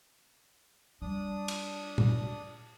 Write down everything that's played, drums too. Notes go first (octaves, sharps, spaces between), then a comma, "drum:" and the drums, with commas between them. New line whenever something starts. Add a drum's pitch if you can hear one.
G3 D4 D#6
drum: cymbal
drum: tom